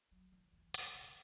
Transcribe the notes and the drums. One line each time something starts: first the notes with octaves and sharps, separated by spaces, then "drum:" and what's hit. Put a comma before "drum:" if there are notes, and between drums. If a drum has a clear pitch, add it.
F#3
E3
E3
C#3, drum: hi-hat
C#3